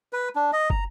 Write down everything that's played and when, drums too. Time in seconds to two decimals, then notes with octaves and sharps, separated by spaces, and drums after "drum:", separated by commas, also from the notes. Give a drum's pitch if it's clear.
0.13 B4
0.36 D4
0.53 D#5
0.70 A#5, drum: kick